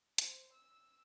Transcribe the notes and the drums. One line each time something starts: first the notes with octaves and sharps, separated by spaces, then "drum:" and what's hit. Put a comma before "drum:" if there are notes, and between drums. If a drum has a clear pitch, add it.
C5, drum: hi-hat
E6